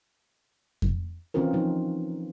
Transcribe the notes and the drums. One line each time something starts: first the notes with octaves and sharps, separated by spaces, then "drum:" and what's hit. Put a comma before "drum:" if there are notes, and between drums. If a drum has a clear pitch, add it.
drum: kick F2
D#3 E3 C4 C#4 F4 A#4
F3 D#4